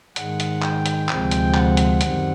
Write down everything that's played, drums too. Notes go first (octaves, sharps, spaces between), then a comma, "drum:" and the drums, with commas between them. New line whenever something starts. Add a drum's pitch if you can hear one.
G#2 D#3 G#3 F#5, drum: hi-hat
drum: hi-hat
G5, drum: clap
drum: hi-hat
D2 C3 F3 G#3 C4, drum: clap
drum: hi-hat
F#5, drum: clap
drum: hi-hat
F#2 D#3 G3 C4, drum: hi-hat